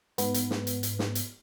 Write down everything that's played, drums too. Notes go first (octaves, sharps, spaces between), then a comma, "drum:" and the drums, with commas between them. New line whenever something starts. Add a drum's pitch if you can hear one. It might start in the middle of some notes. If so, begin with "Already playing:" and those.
G#2 B3, drum: hi-hat
drum: hi-hat
drum: snare
drum: hi-hat
drum: hi-hat
drum: snare
drum: hi-hat